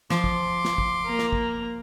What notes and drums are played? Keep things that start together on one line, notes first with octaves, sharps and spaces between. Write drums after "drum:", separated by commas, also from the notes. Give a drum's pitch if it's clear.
F3 C6 D6, drum: snare
drum: kick
drum: snare
drum: kick
A#3 A#5
drum: snare
drum: kick